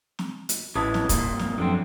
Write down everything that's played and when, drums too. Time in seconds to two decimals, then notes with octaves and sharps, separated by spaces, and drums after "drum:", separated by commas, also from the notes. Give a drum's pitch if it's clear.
0.19 drum: snare
0.49 drum: hi-hat
0.75 A1 C#3 E3 G#3 A5 D#6 B6
0.94 drum: snare
1.09 C2 G2 A#2 A#3, drum: kick, hi-hat
1.39 drum: snare
1.58 F#2 D3 F3 C4